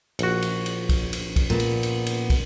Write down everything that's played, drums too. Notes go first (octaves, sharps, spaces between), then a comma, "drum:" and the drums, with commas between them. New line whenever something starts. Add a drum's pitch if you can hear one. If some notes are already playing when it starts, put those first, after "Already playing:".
A#1 F#4, drum: cymbal
drum: cymbal
drum: cymbal
drum: kick, cymbal
drum: cymbal
drum: kick, cymbal
A#2 B3
drum: cymbal
drum: cymbal
drum: cymbal
drum: kick, cymbal